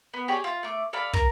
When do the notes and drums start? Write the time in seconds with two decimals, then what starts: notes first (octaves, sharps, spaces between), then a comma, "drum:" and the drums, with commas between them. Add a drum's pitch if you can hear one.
0.14 B3
0.28 G4 G#4 C#5 D5
0.44 F4
0.63 A3 D6
0.93 A4 D5 F5 B5
1.14 A#4, drum: kick